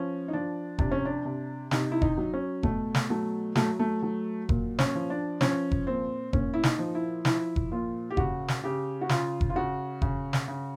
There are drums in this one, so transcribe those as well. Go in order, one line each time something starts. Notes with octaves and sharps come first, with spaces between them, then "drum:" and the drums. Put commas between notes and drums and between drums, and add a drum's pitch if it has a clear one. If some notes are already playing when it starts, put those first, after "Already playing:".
Already playing: F3 C#4
D#4
F3 D4
C3 D4, drum: kick F1
C#4
D4
C3
C3 D#4, drum: snare
E4
D#4, drum: kick F1
F#3
C#4
B2 A3, drum: kick F1
drum: snare
F#3 A3
F#3 A3, drum: snare
A3
F#3
A#2, drum: kick F1
C#4, drum: snare
F3
D4
F3 C#4, drum: snare
drum: kick F1
A#2 C4
A#2 C#4, drum: kick F1
E4
D#4, drum: snare
F3
E4
F3 E4, drum: snare
drum: kick F1
A#2 F4
G4
C#3 F#4, drum: kick F1
drum: snare
C#3 G4
F#4
C#3 F4, drum: snare
drum: kick F1
F4
C#3 F#4
C#3, drum: kick F1
drum: snare
C#3